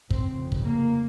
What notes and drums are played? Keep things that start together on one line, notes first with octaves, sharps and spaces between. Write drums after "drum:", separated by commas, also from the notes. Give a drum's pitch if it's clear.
F1 F2 C#3 C4, drum: kick
drum: kick
A#3